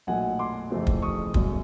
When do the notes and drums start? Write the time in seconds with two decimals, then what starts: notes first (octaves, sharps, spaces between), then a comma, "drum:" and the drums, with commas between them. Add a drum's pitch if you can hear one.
0.07 B1 A#2 F#3 A3 F#5 G#5
0.39 C6 D6
0.70 F2 C#3 E3 A3 C4
0.87 drum: kick
1.02 C#6 D#6
1.34 G1 F#2 C#3, drum: kick